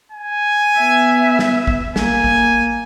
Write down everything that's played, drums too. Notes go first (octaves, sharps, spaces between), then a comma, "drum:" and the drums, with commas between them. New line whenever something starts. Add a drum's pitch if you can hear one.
G#5
B3 E5
drum: snare
drum: kick
A#3 G#5, drum: snare
drum: kick